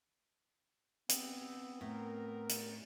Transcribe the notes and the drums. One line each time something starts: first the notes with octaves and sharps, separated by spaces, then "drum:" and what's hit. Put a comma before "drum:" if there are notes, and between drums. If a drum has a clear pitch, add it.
B3 C4, drum: hi-hat
A2 A#4
drum: hi-hat